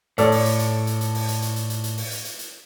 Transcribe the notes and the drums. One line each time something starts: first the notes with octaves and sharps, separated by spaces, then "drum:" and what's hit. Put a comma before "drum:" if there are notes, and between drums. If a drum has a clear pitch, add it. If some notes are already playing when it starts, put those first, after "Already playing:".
A2 A4 C#5 D5, drum: hi-hat
drum: open hi-hat
drum: hi-hat
drum: hi-hat
drum: hi-hat
drum: hi-hat
drum: open hi-hat
drum: hi-hat
drum: hi-hat
drum: hi-hat
drum: hi-hat
drum: hi-hat
drum: open hi-hat
drum: hi-hat
drum: hi-hat
drum: hi-hat